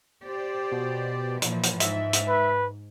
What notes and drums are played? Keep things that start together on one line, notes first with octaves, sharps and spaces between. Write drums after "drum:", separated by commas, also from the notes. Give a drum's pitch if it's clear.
G4 C5 D5
B2
A#2 E3 F3, drum: hi-hat
drum: hi-hat
G#2 E5, drum: hi-hat
drum: hi-hat
B4